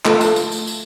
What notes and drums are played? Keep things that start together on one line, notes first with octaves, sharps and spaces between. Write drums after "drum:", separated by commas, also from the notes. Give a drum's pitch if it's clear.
A3 F4 A4, drum: clap
drum: tambourine
drum: tambourine
drum: tambourine
drum: tambourine